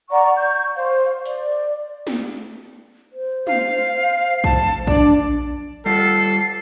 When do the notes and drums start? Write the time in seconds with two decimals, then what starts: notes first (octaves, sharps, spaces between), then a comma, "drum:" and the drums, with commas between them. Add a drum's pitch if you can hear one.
0.10 D5 F#5 A#5 C#6
0.36 C#6 G6
0.76 C5 F5
1.26 D5, drum: hi-hat
2.07 drum: snare
3.13 C5
3.47 F5, drum: tom
4.44 A5, drum: kick A#1
4.87 D4 D5, drum: kick A#1
5.86 G3 F4 A4 C7